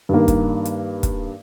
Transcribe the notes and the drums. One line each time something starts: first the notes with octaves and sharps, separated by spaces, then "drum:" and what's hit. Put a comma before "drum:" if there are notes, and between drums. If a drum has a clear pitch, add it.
G2 D#3 A#3
drum: kick, hi-hat
drum: hi-hat
drum: kick, hi-hat